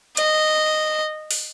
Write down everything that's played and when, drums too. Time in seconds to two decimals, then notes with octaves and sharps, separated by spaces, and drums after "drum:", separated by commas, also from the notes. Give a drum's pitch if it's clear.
0.17 D#5, drum: hi-hat
1.31 drum: open hi-hat